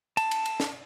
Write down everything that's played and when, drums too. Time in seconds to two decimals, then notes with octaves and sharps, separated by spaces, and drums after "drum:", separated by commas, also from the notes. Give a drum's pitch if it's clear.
0.17 A5, drum: cymbal
0.31 drum: cymbal
0.46 drum: cymbal
0.60 drum: snare